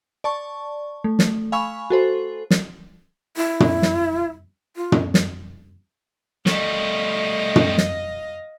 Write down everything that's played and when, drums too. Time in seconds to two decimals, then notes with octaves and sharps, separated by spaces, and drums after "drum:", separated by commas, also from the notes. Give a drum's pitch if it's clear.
0.24 D5 A5 C#6
1.04 A3
1.19 drum: snare
1.52 F5 G#5 B5 C#6 E6
1.90 F#4 A4 C5
2.51 drum: snare
3.37 E4
3.60 drum: tom
3.82 drum: snare
4.76 F4
4.92 drum: tom
5.14 drum: snare
6.46 G3 A3 D#5 F5, drum: snare
7.56 drum: tom
7.78 drum: snare